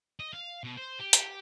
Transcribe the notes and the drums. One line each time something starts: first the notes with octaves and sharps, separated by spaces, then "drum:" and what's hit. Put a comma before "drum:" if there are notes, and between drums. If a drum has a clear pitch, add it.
D#5
F5
B2
C5
G4
drum: hi-hat